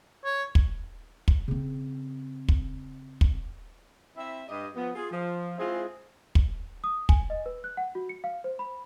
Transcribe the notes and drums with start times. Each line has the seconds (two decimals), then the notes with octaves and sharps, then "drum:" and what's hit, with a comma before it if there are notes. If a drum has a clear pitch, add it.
0.25 C#5
0.55 drum: kick
1.28 drum: kick
1.48 C#3 C4
2.48 drum: kick
3.21 drum: kick
4.17 C4 E4 E5
4.49 G2 G4 D#5
4.76 F3 B3
4.95 F4 G#4
5.11 F3
5.58 G#3 C4 E4 F4 G#4
6.35 drum: kick
6.84 D#6
7.09 G#5, drum: kick
7.30 D#5
7.46 B4
7.64 F#6
7.77 F#5
7.95 F#4
8.09 C#7
8.24 F5
8.44 C5
8.59 B5